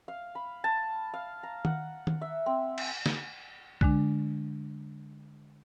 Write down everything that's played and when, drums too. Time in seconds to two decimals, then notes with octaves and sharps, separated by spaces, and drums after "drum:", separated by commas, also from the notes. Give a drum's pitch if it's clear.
0.08 F5
0.35 B5
0.64 A5
1.14 F5
1.43 A#5
1.65 F#5, drum: tom
2.07 drum: tom
2.21 E5
2.46 C4
2.78 drum: cymbal
3.06 drum: snare
3.81 D3 G#3 D4, drum: kick C2